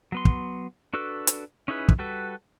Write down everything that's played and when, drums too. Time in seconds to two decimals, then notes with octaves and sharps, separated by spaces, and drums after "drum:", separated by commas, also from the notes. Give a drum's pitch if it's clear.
0.12 F#3 B3 C6
0.25 drum: kick
0.93 D4 F#4 A4 B4
1.27 drum: hi-hat
1.68 C#4 D#4 E4 G#4 B4
1.89 drum: kick
1.99 G3 F#4 A4 B4